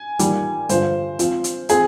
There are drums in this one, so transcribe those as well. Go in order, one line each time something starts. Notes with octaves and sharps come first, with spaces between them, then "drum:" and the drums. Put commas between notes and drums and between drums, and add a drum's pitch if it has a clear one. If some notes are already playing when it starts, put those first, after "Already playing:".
Already playing: G#5
D#3 G3 A#3 F4, drum: hi-hat
G2 D3 F3 C5, drum: hi-hat
F3 C4 F4, drum: hi-hat
drum: hi-hat
F3 C4 G#4, drum: hi-hat